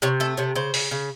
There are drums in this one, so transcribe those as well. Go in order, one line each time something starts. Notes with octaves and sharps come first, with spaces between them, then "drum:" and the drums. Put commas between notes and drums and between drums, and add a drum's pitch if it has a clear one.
C3 C#5
A3 A4
C3 C#5
C#3 C5
C#3, drum: open hi-hat
C#3